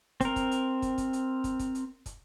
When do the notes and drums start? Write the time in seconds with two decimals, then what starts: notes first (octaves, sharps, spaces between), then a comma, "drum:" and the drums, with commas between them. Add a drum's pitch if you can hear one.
0.21 C4 A#4, drum: kick, hi-hat
0.36 drum: kick, hi-hat
0.51 drum: hi-hat
0.82 drum: kick, hi-hat
0.98 drum: kick, hi-hat
1.13 drum: hi-hat
1.44 drum: kick, hi-hat
1.59 drum: kick, hi-hat
1.75 drum: hi-hat
2.06 drum: kick, hi-hat